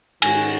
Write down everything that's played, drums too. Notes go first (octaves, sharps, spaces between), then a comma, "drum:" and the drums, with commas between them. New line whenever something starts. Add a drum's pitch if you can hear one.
G#2 D#3 G#3 C#4 F#4 G#5, drum: cymbal